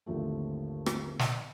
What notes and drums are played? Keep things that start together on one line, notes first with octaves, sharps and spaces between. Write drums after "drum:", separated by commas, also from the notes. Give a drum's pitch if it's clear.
G#1 D#2 D3 F3 A3
drum: rim click
drum: snare